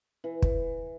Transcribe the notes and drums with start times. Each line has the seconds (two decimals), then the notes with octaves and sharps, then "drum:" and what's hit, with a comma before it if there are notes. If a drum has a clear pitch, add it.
0.24 E3
0.42 drum: kick